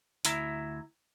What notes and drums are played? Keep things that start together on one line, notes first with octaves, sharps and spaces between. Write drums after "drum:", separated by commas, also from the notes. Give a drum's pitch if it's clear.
D2 E4 E5 A#5, drum: hi-hat